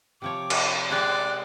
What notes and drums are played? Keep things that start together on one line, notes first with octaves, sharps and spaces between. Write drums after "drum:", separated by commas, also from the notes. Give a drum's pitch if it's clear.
C3 F3 C#5 D6
drum: cymbal
G#3 G4 G#4 D5 F#6